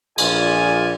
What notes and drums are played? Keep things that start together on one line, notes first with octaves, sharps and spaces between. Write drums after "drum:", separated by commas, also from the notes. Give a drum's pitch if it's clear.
A#1 F4 G#4 D5 G#5, drum: cymbal